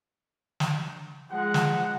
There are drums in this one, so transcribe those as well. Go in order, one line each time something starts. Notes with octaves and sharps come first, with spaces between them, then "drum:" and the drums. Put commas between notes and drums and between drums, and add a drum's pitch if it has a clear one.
drum: snare
F3 G#3 F#5
drum: snare